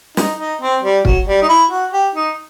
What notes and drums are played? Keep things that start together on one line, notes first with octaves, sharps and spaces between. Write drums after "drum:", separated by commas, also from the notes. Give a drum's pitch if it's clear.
D#4, drum: snare
D#4
C4
G3
F#3, drum: kick
G3
D#4
E4
F#4
G4
D#4